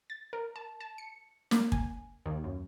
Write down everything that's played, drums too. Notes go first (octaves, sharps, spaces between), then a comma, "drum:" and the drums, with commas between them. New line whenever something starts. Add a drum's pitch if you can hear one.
A6
A#4
A5
A5
C#7
A#3, drum: snare
G#5, drum: kick
D#2
F#2